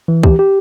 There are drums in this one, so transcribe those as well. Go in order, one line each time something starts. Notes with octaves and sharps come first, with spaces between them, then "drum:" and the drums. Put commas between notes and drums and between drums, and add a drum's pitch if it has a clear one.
E3
G4, drum: kick
G4